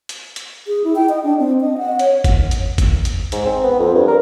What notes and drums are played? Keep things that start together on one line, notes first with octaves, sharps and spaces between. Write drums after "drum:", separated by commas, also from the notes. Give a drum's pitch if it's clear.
drum: hi-hat
drum: hi-hat
G#4
E4
G5
D#5
D4
C4
D#5
F#5
C#5, drum: hi-hat
drum: kick G#1, hi-hat
drum: hi-hat
drum: kick G#1, hi-hat
drum: hi-hat
G#2, drum: hi-hat
C4
B3
F2
G2
A#4